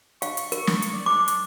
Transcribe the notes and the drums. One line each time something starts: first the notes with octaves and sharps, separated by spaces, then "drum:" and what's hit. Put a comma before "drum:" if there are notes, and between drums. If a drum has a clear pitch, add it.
F5 C#6, drum: hi-hat
drum: hi-hat
A#4, drum: hi-hat
drum: snare
drum: hi-hat
D5
D4 D6
drum: hi-hat